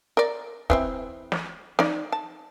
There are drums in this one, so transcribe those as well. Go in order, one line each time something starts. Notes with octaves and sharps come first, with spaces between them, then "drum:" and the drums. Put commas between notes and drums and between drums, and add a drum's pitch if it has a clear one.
A#4 D5
E3 C4 E4, drum: kick
drum: snare
D#4 D5, drum: snare
A5